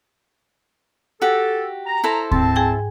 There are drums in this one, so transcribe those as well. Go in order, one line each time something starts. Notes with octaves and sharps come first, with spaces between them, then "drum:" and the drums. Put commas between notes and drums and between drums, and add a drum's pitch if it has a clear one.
F#4 G4 A4
A#5
E4 A4 C5
G#2 C4 A5, drum: kick D2
G#4 G5 G#5